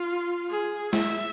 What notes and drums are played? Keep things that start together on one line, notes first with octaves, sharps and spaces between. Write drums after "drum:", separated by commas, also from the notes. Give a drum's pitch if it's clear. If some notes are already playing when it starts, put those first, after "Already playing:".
Already playing: F4
G#4
E5, drum: snare